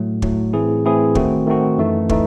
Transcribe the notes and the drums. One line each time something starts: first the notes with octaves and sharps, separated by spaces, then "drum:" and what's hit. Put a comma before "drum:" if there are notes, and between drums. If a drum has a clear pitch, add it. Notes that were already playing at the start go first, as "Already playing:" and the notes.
Already playing: A2 F#3 A3
A2 F#3 A3, drum: kick
A2 E3 C4 E4 G#4
A2 E3 C4 E4 G#4
D#3 A3 C4 F#4, drum: kick
D#3 A3 C4 F#4
F#2 E3 A3 D#4
E3 A3 D#4, drum: kick